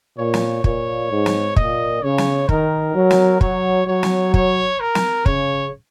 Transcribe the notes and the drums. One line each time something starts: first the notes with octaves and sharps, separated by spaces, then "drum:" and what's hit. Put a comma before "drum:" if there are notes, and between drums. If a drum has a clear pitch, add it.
A#2 C#5
drum: snare
A#2 C#5, drum: kick
G#2
drum: snare
A#2 D#5, drum: kick
C#3 C#5
drum: snare
D#3 A#4, drum: kick
F#3
drum: snare
F#3 C#5, drum: kick
F#3 C#5
drum: snare
C#5, drum: kick
A#4
drum: snare
C#3 C#5, drum: kick